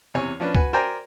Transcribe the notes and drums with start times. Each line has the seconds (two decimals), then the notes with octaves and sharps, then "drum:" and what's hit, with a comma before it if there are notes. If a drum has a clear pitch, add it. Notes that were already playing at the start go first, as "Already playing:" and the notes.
0.14 E2 C3 C#5 G#5
0.40 F3 C#4 D4 B4
0.55 F#4 B4 G#5, drum: kick C#2
0.73 A#4 C5 D5 G5 G#5 A#5